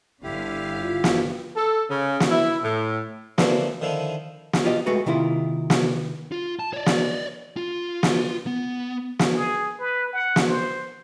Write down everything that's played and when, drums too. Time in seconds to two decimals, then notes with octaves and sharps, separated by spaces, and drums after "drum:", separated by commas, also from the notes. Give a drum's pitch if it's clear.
0.23 G1 D3 E4 G4 F5
0.82 F4
1.04 drum: snare
1.56 A4
1.89 C#3
2.20 drum: snare
2.31 E4
2.62 A2
3.38 D2 E3 F3 G3 A#3 C4, drum: snare
3.81 D3 D#3 F3 E4 F4
4.53 drum: snare
4.64 F4 G4 D#5
4.86 G#3 A3 F#4 B4
5.06 C3 D#3 A#3 E4 F4
5.70 drum: snare
6.32 F4
6.59 A5
6.73 C#5 D5
6.86 drum: snare
7.57 F4
8.03 drum: snare
8.47 B3
9.19 drum: snare
9.34 G#4
9.79 B4
10.13 F#5
10.36 drum: snare
10.48 C5